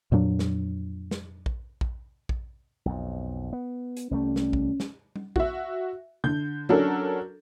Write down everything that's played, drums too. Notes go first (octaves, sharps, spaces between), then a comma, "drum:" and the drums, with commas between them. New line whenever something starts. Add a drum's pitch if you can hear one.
F2 A#2 F#3 D4
drum: snare
drum: snare
drum: kick A#1
drum: kick A#1
drum: kick A#1
B1 F2
B3
drum: hi-hat
C2 G3 A3 C#4
drum: snare
drum: kick A#1
drum: snare
drum: tom G3
F#4 E5, drum: kick A#1
D3 G6
F#3 C#4 D4 F#4 A4 A#4, drum: tom D3